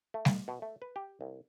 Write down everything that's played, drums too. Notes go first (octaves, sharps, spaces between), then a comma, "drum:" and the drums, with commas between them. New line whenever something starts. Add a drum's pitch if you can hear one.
A3
drum: snare G3
B2
A3
B4
G4
C2